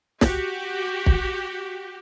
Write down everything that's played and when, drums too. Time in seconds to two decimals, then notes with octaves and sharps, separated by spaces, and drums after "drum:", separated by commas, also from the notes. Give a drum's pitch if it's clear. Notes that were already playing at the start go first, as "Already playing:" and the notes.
0.21 F#4 G4, drum: snare
1.06 drum: kick